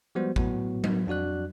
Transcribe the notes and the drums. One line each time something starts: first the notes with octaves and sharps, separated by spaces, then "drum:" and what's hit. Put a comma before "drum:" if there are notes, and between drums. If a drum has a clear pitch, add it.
F3 G3 G#3 B3 F#4 C5
A2 F#3 B3 F#4, drum: kick A1
drum: tom F#3
F2 D4 F#4 D5 F#6